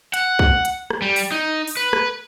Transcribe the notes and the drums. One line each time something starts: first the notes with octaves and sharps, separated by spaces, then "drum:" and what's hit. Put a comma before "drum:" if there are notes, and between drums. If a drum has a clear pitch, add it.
F#5, drum: hi-hat
drum: kick
drum: hi-hat
drum: rim click
G3
drum: open hi-hat
D#4
drum: open hi-hat
B4
drum: rim click